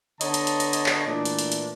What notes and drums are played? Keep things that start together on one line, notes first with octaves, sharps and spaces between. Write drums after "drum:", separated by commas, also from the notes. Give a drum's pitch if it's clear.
D3 B3 C#5 D#5 A5 A#5, drum: hi-hat
drum: hi-hat
drum: hi-hat
drum: hi-hat
drum: hi-hat
drum: clap
A#2 E3 A3 D4
drum: hi-hat
drum: hi-hat
drum: hi-hat